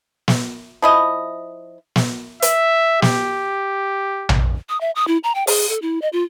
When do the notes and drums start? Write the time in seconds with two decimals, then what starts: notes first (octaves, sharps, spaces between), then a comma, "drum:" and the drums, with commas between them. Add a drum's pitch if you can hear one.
0.28 drum: snare
0.82 F3 E4 D#5
1.96 drum: snare
2.42 E5, drum: hi-hat
3.02 G4, drum: snare
4.29 drum: tom A#1
4.69 D#6
4.81 E5
4.95 D#6
5.08 E4
5.24 A#5
5.35 G5
5.47 G#4, drum: open hi-hat
5.69 A4
5.82 E4
6.02 D#5
6.13 F4